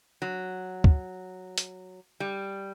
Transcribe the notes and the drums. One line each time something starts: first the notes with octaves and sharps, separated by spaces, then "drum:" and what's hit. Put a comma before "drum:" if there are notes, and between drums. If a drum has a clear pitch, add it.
F#3
drum: kick C#2
drum: hi-hat
G3